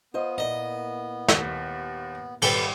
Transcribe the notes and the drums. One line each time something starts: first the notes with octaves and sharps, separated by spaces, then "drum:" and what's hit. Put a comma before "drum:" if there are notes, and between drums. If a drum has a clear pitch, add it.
B3 F4 C5 D#5
A#2 A#3 E4 D#5
D#2 B6, drum: snare
G#1 G3 A4 B4 G5, drum: cymbal